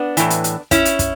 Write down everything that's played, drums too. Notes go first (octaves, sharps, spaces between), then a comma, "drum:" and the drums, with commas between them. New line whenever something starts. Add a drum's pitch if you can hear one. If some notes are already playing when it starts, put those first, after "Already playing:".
Already playing: B3 D4
A2 E3, drum: hi-hat
drum: hi-hat
drum: hi-hat
C#4 E4, drum: kick, hi-hat
drum: hi-hat
drum: kick, hi-hat